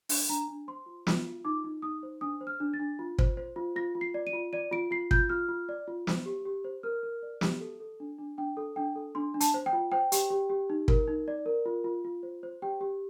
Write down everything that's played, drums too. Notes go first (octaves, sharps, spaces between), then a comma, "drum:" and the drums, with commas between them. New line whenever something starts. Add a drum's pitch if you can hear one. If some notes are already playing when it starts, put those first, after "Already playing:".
D4, drum: open hi-hat
D4 A#5
D4
C5 C6
F4
F4, drum: snare
F4
D#4 D6
D#4
D#4 D#6
C5
D4 D#6
C5
F6
D4
A6
D4
F4
C5, drum: kick
C5
F4
F4 A#6
F4
C7
D5
D#7
F4
D5 D#7
F4 D7
F4 C7
F4 G6, drum: kick
F4 F6
F4
D5
F4
C5, drum: snare
G4
G4
C5
A#4 F6
A#4
D5
G4, drum: snare
A4
A4
D4
D4
D4 G5
A4
D4 G5
A4
D4 C6
D4
A5, drum: hi-hat
C5
G5
F4
C5 G5
G4, drum: hi-hat
G4
G4
D#4
A#4, drum: kick
D#4
D5
A#4
F4
F4
F4
C5
C5
G4 G5
G4